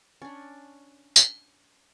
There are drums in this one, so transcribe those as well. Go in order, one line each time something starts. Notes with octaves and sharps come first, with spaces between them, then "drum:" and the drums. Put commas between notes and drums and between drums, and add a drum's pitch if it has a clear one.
C#4 D4
drum: tambourine